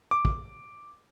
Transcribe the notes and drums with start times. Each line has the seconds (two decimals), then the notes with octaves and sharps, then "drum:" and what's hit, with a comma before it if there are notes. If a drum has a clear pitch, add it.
0.11 D6
0.25 drum: kick